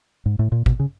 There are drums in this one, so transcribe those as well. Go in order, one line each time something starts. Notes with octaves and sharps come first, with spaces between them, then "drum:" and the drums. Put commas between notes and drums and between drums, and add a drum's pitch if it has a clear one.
G#2
A2
A#2
B2, drum: kick
C#3